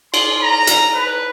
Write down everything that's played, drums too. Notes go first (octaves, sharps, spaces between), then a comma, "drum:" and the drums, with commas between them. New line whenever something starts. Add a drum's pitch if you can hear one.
C6, drum: cymbal
A#5
drum: hi-hat
B4